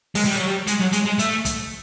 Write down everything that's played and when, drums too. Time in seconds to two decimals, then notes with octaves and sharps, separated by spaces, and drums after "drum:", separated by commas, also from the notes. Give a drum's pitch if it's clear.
0.15 G#3, drum: open hi-hat
0.25 G3
0.36 F#3
0.46 G3
0.67 G#3, drum: hi-hat
0.80 F#3
0.93 G#3, drum: hi-hat
1.06 G#3
1.19 A3, drum: hi-hat
1.45 drum: kick, hi-hat